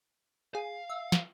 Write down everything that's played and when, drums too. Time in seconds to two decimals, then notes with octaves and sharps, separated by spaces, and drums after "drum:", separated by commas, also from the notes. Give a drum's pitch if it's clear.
0.55 G#4 F5
0.90 E5
1.12 drum: snare